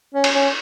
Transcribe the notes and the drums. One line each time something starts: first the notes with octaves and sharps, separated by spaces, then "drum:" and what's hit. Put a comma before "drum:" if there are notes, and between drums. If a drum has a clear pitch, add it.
C#4
drum: cymbal
C#4